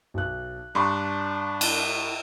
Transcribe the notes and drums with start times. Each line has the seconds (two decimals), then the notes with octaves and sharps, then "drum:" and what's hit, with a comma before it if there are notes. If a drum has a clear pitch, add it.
0.14 B1 F#6
0.75 G2 D4 A#5 C6 C#6
1.61 drum: cymbal